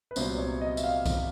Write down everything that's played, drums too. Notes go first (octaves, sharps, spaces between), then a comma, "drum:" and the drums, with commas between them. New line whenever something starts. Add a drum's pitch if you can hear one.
B4
C2 A#2 F#3 B3 C5, drum: tambourine
C#5
D#5
E5, drum: tambourine
F5
drum: kick B1, tambourine